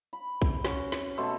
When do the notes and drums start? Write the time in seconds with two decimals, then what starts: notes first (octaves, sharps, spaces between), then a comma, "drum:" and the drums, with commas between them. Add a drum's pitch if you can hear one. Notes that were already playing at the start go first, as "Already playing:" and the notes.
0.13 B5
0.42 drum: kick
0.65 C#4 F#4, drum: snare
0.92 drum: snare
1.18 B2 A3 A4 C6